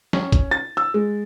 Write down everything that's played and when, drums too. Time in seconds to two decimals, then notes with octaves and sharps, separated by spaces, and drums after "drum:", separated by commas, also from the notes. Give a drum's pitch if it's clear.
0.13 C#4, drum: snare
0.32 drum: kick, hi-hat
0.51 A6
0.77 E6
0.94 G#3